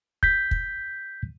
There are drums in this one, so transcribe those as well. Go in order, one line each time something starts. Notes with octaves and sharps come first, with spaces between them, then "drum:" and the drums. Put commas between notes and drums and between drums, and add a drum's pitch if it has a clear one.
G6 B6, drum: kick
drum: kick